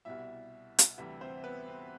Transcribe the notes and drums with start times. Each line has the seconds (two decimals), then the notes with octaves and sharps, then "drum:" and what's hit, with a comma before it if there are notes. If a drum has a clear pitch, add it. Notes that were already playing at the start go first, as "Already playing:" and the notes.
0.05 C2 B2 G3 E4 E5
0.79 drum: hi-hat
0.98 D2 C3 E3 G3 E4 E5
1.21 C4 C5
1.44 B3 B4
1.67 C4